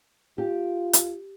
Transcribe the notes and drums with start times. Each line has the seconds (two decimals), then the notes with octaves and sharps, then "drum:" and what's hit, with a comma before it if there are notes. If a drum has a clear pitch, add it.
0.38 F4 G4
0.93 drum: hi-hat